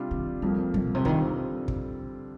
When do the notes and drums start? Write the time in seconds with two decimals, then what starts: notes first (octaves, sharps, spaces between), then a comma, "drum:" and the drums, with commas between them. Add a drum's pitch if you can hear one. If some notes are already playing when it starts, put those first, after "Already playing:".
Already playing: C3 G3 D4 F4
0.11 D#3
0.42 F2 C3 F3 G3 A#3
0.74 G3, drum: kick
0.84 A#2
0.95 C3
1.05 D3 D#3 G3 C4 F4, drum: kick
1.68 drum: kick